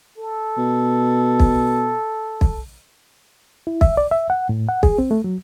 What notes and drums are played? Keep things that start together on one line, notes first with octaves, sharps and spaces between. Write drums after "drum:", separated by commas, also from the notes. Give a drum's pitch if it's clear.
A4
B2
drum: kick
drum: kick
E4
E5, drum: kick
D5
E5
F#5
A2
F#5
G#4, drum: kick
C4
A3
F#3